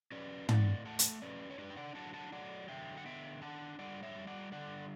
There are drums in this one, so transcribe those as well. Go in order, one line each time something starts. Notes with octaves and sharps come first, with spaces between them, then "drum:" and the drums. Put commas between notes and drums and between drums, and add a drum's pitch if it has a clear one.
C#4 B4 D5
A2 D5 F#5, drum: tom
A3 F#5 A5
drum: hi-hat
C#4 B4 D5
C#5
D4 B4 D5
G5
D5 F#5
F#3 F#5 A5
F#5 A5
F#3 D5 F#5
D3 E5 G5
F#5
B3 E5 G5
D4 F#5 A5
G3 D5 F#5
C#5 E5
G3
D5 F#5
D3 D5 F#5